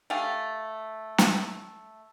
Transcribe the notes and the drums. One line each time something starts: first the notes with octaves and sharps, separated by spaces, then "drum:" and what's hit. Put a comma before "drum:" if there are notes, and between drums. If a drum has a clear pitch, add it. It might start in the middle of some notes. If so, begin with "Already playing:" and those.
A3 G4 F5 G#5
drum: snare